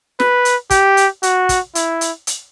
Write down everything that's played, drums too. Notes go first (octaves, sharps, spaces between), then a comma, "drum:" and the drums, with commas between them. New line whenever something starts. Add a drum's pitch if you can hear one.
B4, drum: snare
drum: hi-hat
G4, drum: kick, hi-hat
drum: hi-hat
F#4, drum: hi-hat
drum: kick, hi-hat
E4, drum: hi-hat
drum: hi-hat
drum: hi-hat